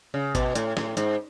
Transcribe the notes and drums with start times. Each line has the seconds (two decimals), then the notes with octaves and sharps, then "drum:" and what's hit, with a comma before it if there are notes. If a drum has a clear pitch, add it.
0.14 C#3
0.35 B2, drum: kick G#1, hi-hat
0.55 A2, drum: hi-hat
0.77 A2, drum: snare
0.97 G#2, drum: hi-hat